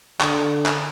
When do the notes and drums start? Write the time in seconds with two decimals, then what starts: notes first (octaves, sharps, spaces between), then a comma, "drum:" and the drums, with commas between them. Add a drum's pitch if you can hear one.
0.21 D3, drum: clap
0.66 drum: clap